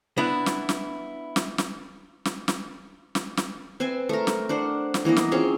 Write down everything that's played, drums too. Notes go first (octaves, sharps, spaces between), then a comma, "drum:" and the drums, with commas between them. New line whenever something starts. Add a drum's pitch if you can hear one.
B3 D4 E4
drum: snare
drum: snare
drum: snare
drum: snare
drum: snare
drum: snare
drum: snare
drum: snare
C4 B4 E5 G#5
A3 A#4
drum: snare
D4 C5 F#5
drum: snare
E3 A#3 B3 D#5
drum: snare
C4 C#4 F4 G#4